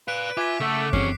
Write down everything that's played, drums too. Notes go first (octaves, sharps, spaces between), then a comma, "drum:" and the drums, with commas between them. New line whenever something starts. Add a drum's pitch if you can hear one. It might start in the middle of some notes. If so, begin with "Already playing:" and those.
B4 D5 F5 F#6 D7
F4 E5 G#5 D6 B6
C#3 A3 F#5
D2 G#2 E3 C4 C#4 C#6 C7, drum: kick F#2